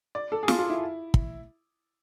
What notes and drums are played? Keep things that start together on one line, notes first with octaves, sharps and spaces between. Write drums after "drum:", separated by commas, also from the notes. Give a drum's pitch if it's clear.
D5
A4
G#4
F4, drum: snare
F4
E4
drum: kick